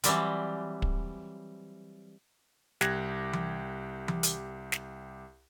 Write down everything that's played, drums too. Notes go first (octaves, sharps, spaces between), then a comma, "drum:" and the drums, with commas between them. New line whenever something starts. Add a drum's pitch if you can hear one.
E3 F#3 G3 C4, drum: hi-hat
drum: kick
C2 G4 F#6 G#6 A#6, drum: snare
drum: tom E3
drum: tom E3
drum: hi-hat
drum: snare